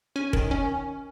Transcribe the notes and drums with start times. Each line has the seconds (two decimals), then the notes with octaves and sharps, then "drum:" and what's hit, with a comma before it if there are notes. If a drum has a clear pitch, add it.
0.16 C#4 G#5
0.33 D#3, drum: kick F1
0.51 C#4